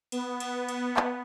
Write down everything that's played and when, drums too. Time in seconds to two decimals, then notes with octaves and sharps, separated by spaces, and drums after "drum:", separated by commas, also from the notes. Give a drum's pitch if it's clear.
0.12 B3, drum: cymbal
0.40 drum: cymbal
0.69 drum: cymbal
0.97 drum: clap